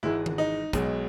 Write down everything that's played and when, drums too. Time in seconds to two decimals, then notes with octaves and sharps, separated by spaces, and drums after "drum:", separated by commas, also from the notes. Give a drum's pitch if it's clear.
0.03 G#1 G#2 E3 G#3 E4
0.26 drum: tom D#3
0.38 D#4
0.73 B1 B2 G#3, drum: kick, hi-hat